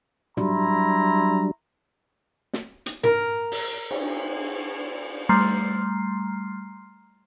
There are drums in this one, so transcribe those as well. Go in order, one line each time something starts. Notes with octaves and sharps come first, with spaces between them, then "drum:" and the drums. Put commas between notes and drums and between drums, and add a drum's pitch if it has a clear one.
F#3 G3 D4 E4 A#5 C6, drum: tom
drum: snare
drum: hi-hat
A#4, drum: tom
drum: open hi-hat
drum: cymbal
G3 A3 A#5 C6 F6 C7